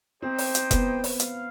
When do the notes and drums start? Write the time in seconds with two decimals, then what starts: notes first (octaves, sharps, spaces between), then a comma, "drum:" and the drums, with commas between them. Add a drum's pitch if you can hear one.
0.22 C4 D#4 G4 C5 G5
0.38 drum: open hi-hat
0.55 drum: hi-hat
0.71 B3, drum: kick F1, hi-hat
1.04 drum: open hi-hat
1.20 F5, drum: hi-hat